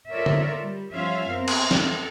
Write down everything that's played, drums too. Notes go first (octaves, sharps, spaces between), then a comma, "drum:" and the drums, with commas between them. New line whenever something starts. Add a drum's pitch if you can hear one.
F4 A4 A#4 C#5 D5 E5
drum: tom D3
G3
F3 G3 C#4 F4 E5 F5
F#2 B3 C4 A#4
drum: cymbal
A4, drum: snare